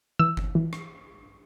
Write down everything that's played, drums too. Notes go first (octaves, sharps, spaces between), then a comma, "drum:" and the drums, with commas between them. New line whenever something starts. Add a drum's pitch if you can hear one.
E3 E6
drum: kick G1
E3
drum: rim click